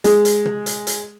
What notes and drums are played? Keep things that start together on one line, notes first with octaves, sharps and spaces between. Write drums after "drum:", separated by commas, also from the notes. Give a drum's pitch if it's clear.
G#3, drum: hi-hat
drum: hi-hat
drum: tom
drum: hi-hat
drum: hi-hat